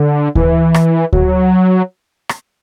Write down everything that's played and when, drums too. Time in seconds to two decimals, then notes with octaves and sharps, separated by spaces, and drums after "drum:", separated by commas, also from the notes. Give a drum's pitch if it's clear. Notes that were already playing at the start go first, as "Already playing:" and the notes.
Already playing: D3
0.35 E3, drum: kick D2
0.74 drum: rim click
1.13 F#3, drum: kick D2
2.29 drum: rim click